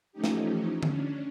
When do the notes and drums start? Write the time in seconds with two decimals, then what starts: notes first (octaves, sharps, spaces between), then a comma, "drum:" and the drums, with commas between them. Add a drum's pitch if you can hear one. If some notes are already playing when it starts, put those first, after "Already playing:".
0.12 E3 F3 A3 C#4 D#4 G4
0.24 drum: snare
0.83 C#4 D4, drum: tom D3